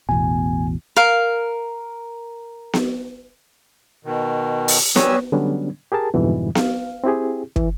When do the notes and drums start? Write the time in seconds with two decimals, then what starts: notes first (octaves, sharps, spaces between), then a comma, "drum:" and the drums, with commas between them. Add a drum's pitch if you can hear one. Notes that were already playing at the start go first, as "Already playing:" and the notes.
0.09 A1 E2 B2 G#5
0.97 A#4 F5
2.73 drum: snare B3
4.05 B2 D#3
4.68 drum: open hi-hat
4.96 G3 B3 C#5 G#5 E6, drum: snare B3
5.32 D3 F#3 G3 B3 C#4 D4
5.92 G4 G#4 A#4 A5
6.14 F2 G#2 B2 D3 E3 G3
6.55 F5, drum: snare B3
7.04 C4 E4 G4 G#4
7.56 E3, drum: kick